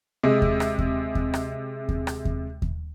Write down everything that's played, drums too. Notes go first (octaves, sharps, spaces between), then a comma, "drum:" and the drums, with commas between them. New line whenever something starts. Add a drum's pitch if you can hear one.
C3 G#3
drum: kick D#2
drum: rim click
drum: kick D#2
drum: kick D#2
drum: rim click
drum: kick D#2
drum: rim click
drum: kick D#2
drum: kick D#2